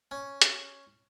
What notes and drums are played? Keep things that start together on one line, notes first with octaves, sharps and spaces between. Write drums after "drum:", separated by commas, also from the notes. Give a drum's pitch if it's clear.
C#4
drum: hi-hat